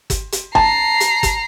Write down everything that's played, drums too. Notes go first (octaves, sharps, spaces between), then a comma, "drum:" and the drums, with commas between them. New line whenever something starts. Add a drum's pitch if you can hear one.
drum: kick, hi-hat
drum: hi-hat
A5 A#5 C7, drum: kick
drum: hi-hat
drum: kick, hi-hat